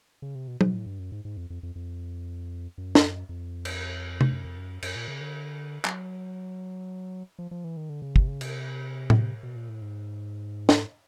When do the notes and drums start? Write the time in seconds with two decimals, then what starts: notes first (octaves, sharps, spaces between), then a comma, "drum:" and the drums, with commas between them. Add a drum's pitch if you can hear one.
0.22 C#3
0.35 C3
0.48 B2
0.61 B2, drum: tom
0.74 A2
0.86 G2
0.99 F#2
1.12 G#2
1.25 G#2
1.37 F2
1.50 F2
1.63 F2
1.75 F2
2.78 F#2
2.95 drum: snare
3.29 F2
3.65 drum: cymbal
4.21 drum: tom C3
4.31 F#2
4.45 F2
4.57 F#2
4.82 F#2, drum: cymbal
4.96 A#2
5.08 C#3
5.21 D3
5.85 F#3, drum: clap
7.39 F3
7.51 F3
7.64 E3
7.77 D#3
7.89 D3
8.02 C#3
8.16 C3, drum: kick
8.28 C#3
8.41 C3, drum: cymbal
9.10 drum: tom A2
9.43 B2
9.56 A#2
9.69 A2
9.82 G#2
10.69 drum: snare